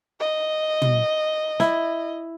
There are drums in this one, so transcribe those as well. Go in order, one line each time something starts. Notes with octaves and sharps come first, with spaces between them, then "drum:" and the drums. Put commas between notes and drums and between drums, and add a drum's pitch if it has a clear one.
D#5
drum: tom
E4, drum: snare